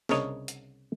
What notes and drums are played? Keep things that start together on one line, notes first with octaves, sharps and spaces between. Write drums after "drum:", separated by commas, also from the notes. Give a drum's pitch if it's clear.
C2 C#3 D4 A#4 C#5 D#5, drum: snare
drum: hi-hat